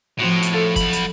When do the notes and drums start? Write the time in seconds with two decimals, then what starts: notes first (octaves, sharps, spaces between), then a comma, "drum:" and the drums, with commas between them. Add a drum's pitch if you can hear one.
0.19 A2 F3 C4 F#4
0.42 drum: hi-hat
0.53 F4 A4 F5
0.76 F#3 B5, drum: kick G1, hi-hat
0.93 drum: hi-hat